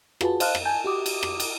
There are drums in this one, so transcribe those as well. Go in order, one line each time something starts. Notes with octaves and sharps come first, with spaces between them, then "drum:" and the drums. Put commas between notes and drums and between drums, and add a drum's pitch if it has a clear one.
F4 F#4 G#4 B4 A5, drum: rim click
C5 D#5 F5 A5 F6 F#6, drum: cymbal
drum: rim click
G#5 A5 G6
F#4 G4 D6 D#6
drum: cymbal
drum: rim click
drum: cymbal